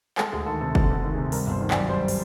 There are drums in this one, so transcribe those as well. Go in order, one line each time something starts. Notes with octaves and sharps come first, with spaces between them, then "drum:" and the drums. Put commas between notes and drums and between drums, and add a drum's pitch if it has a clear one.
G#3 A4, drum: clap
D2 G#4
D#3 A4
C3 A4
G#3 A4, drum: kick
D2
D#3
G#4
C3
G3 A#4, drum: open hi-hat
G1 C5
D#3
D5, drum: clap
F#2
G3 C5
drum: open hi-hat